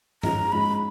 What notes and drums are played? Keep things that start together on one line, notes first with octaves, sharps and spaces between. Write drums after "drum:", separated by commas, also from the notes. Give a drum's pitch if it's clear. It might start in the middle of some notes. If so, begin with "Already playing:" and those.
G#2 F3 G#3 C#4 A#5, drum: tom G2
G#2 F3 G#3 C#4 B5